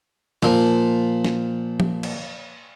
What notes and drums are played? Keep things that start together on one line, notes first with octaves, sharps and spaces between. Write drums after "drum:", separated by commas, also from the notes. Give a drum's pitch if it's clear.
A#2 F3, drum: snare
drum: snare
drum: tom F3
drum: cymbal